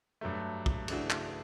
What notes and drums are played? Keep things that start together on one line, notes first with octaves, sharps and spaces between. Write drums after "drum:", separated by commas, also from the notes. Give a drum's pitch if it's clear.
G2 F#3 A3
drum: kick
C#3 E3 A3 D4 F#4, drum: cymbal
drum: clap